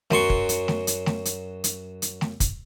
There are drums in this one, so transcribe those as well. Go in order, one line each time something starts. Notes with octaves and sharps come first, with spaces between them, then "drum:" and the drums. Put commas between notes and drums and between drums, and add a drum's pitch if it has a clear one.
F#2 F#3 C6 C#6, drum: snare A3
drum: kick
drum: hi-hat
drum: snare A3
drum: hi-hat
drum: snare A3
drum: hi-hat
drum: hi-hat
drum: hi-hat
drum: snare A3
drum: kick, hi-hat